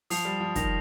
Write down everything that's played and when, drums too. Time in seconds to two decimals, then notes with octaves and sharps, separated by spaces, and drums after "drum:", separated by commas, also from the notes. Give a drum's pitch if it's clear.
0.10 F3 D#6 C7 F7, drum: open hi-hat
0.25 G3
0.40 F3
0.55 D#3 A#6 F7, drum: kick, hi-hat